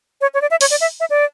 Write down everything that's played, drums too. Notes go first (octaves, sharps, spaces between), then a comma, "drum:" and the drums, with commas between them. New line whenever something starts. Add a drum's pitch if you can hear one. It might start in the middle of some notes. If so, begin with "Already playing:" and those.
C#5
C#5
D5
E5
C#5, drum: open hi-hat
D5
E5
E5
D5